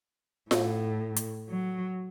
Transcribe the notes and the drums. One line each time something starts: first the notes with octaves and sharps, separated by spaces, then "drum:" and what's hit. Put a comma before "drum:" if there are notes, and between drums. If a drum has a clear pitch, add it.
A2, drum: snare F4
drum: hi-hat
F#3